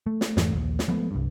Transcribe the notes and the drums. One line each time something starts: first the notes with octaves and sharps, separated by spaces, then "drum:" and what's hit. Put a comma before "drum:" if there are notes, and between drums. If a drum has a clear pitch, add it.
A3
drum: snare
F2 G#2 E3 A3, drum: snare
A#1 D#2
drum: snare
F3 G#3 A3 B3
C2 G2